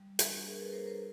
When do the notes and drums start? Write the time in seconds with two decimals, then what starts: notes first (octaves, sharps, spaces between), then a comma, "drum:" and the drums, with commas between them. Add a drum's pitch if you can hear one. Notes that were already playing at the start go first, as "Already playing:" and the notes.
Already playing: G3
0.19 A#3 D4, drum: hi-hat
0.46 G3 G#4 A#4
0.60 A4 B4
0.73 A#3 D4 A#4 C5
0.87 A#4 C5